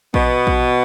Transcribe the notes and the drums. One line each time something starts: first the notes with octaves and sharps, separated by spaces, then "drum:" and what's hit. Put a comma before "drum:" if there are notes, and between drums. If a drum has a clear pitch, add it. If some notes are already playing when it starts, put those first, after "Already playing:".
B2 B3, drum: kick A#1
drum: kick A#1